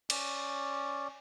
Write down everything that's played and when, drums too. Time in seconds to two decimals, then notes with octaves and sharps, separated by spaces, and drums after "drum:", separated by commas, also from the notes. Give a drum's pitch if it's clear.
0.10 C#4 D5, drum: cymbal